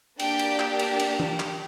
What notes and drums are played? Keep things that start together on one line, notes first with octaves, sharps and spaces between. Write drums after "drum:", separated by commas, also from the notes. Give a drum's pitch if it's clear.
A#3 D4 G4 G5, drum: cymbal
drum: cymbal
drum: clap
drum: cymbal
drum: cymbal
drum: tom E3
drum: clap